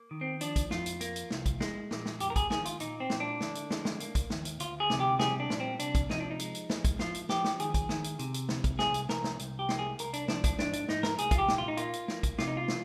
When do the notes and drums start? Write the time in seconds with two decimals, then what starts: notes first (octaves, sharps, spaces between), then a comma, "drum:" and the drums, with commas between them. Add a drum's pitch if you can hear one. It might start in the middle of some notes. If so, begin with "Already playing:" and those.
Already playing: A#3
0.11 D#3
0.21 C4
0.41 F3 D4, drum: hi-hat
0.56 drum: kick, hi-hat
0.71 F2 F4, drum: snare
0.86 drum: hi-hat
1.01 A#3, drum: hi-hat
1.16 drum: hi-hat
1.31 C2, drum: snare
1.46 drum: kick, hi-hat
1.60 G#3, drum: snare
1.91 A#2, drum: snare
2.06 drum: snare
2.20 F2 G4, drum: hi-hat
2.30 A#4
2.36 G#4, drum: kick, hi-hat
2.50 D#3 G#4, drum: snare
2.65 F4, drum: hi-hat
2.80 A#2 D#4, drum: hi-hat
3.00 C4
3.10 A#2, drum: snare
3.20 D4
3.40 D3, drum: snare
3.55 drum: hi-hat
3.70 G#3, drum: snare
3.85 drum: snare
4.00 A#3, drum: hi-hat
4.15 drum: kick, hi-hat
4.30 D#2, drum: snare
4.45 drum: hi-hat
4.60 D2 F4, drum: hi-hat
4.80 G#4
4.90 C3, drum: snare
5.00 G4
5.19 G3 G#4, drum: snare
5.40 D4
5.50 A#2, drum: snare
5.60 C4
5.79 C3 D4, drum: hi-hat
5.95 drum: kick, hi-hat
6.10 F3 D#4, drum: snare
6.20 D4
6.30 D#4
6.39 G#3, drum: hi-hat
6.55 drum: hi-hat
6.70 G#3, drum: snare
6.85 drum: kick, hi-hat
6.99 F3 F4, drum: snare
7.14 drum: hi-hat
7.29 F3 G4, drum: snare
7.44 drum: snare
7.60 D#3 G#4, drum: hi-hat
7.74 drum: kick, hi-hat
7.89 D#3, drum: snare
8.04 drum: hi-hat
8.19 C3, drum: hi-hat
8.34 drum: hi-hat
8.49 D2, drum: snare
8.64 drum: kick, hi-hat
8.79 C2 G#4, drum: snare
8.94 drum: hi-hat
9.09 C2 A#4, drum: snare
9.24 drum: snare
9.39 C2, drum: hi-hat
9.59 G4
9.69 A#3, drum: snare
9.79 G#4
9.99 C2 A#4, drum: hi-hat
10.13 D4, drum: hi-hat
10.28 F3 D4, drum: snare
10.44 D4, drum: kick, hi-hat
10.59 G#2 D4, drum: snare
10.73 D4, drum: hi-hat
10.88 G#2 D#4, drum: snare
11.03 A#4, drum: snare
11.18 C2 G#4, drum: hi-hat
11.31 F4, drum: kick, hi-hat
11.38 G4
11.48 A#2, drum: snare
11.58 F4
11.68 D#4
11.77 A#3 F4, drum: hi-hat
11.93 drum: hi-hat
12.08 A#3, drum: snare
12.23 drum: kick, hi-hat
12.38 C3 F4, drum: snare
12.48 D#4
12.57 F4
12.68 drum: snare